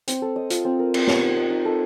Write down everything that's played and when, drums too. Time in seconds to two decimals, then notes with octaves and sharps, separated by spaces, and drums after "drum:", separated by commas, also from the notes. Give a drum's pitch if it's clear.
0.08 C4, drum: hi-hat
0.22 A4
0.36 D#5
0.50 F4, drum: hi-hat
0.65 C4
0.79 A#4
0.94 C4, drum: cymbal
1.07 G4, drum: snare
1.22 D#4
1.36 D#5
1.50 D#4
1.65 A4